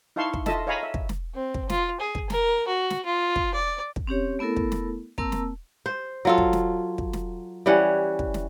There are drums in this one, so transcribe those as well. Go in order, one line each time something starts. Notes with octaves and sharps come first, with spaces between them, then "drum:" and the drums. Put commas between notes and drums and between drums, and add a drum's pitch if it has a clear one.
D#4 E4 F5 A5 C6 C#6
drum: kick
F4 A4 D#5 E5 A5, drum: snare
C#5 D#5 F5 G#5 A#5 B5
E5
drum: kick
drum: snare
C4
drum: kick
F4, drum: snare
G#4
drum: kick
A#4, drum: snare
F#4
drum: snare
F4
drum: kick
D5
drum: kick
C4 C#4 G4 C#5
A3 B3 E4 A4 A#4
drum: kick
drum: snare
A#3 C4 A#4 A5 E6, drum: kick
drum: snare
C5
F#3 F4 A4
drum: kick
drum: snare
drum: kick
drum: snare
E3 G3 C#4 F#5
drum: kick
drum: snare